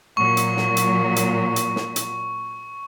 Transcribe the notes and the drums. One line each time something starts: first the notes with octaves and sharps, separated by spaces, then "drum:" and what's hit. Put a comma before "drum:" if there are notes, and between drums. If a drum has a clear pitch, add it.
A#2 F#3 C#6
drum: hi-hat
drum: snare
drum: hi-hat
drum: hi-hat
drum: hi-hat
drum: snare
drum: hi-hat